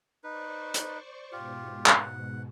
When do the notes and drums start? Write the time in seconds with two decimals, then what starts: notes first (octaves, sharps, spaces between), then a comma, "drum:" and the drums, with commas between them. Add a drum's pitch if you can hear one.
0.24 D#4 B4 C5 D5 C#6
0.74 drum: hi-hat
1.32 G#2 B2 F4 G4
1.86 F#5, drum: clap